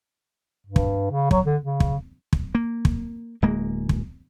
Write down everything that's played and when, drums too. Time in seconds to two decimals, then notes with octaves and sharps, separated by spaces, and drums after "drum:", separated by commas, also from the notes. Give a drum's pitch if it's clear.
0.67 G2
0.76 drum: kick
1.11 C#3
1.31 F#3, drum: kick
1.46 D3
1.62 C#3
1.80 drum: kick
2.33 drum: kick
2.55 A#3
2.85 drum: kick
3.42 D1 G#3 A#3
3.89 drum: kick